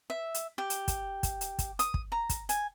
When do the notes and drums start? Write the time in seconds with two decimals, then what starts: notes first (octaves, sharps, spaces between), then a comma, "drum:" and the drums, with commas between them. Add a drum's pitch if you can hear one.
0.10 E5
0.34 drum: hi-hat
0.58 G4
0.70 drum: hi-hat
0.88 drum: kick, hi-hat
1.23 drum: kick, hi-hat
1.41 drum: hi-hat
1.59 drum: kick, hi-hat
1.79 D#6, drum: hi-hat
1.94 drum: kick
2.12 A#5
2.29 drum: kick, hi-hat
2.49 G#5, drum: hi-hat